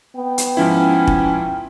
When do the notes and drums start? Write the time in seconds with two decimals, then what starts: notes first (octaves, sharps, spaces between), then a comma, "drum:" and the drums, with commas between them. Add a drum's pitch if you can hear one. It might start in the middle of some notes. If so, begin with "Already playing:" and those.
0.17 B3 G5
0.38 drum: hi-hat
0.57 G#2 F3 C#4 E4
1.07 drum: kick